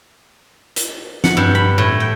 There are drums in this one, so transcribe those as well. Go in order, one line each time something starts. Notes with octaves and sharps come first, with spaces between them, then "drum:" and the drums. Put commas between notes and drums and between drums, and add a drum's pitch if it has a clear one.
drum: hi-hat
F#5, drum: snare
G2
B5
A2
G5